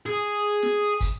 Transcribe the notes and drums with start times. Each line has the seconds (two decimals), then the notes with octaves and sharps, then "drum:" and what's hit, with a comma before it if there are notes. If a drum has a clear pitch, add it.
0.06 G#4
0.63 drum: snare
1.00 drum: kick, hi-hat